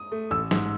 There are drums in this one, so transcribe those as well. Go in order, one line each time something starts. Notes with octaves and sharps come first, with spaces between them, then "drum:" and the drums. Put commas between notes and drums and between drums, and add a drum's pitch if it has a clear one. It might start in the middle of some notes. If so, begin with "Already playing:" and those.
Already playing: D#6
A3
A1 E6
G#2, drum: snare F#3